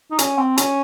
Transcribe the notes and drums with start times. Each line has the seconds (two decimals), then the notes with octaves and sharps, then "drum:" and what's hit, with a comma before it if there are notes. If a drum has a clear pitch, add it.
0.11 D#4
0.19 C#4, drum: hi-hat
0.38 C4
0.57 C#4, drum: hi-hat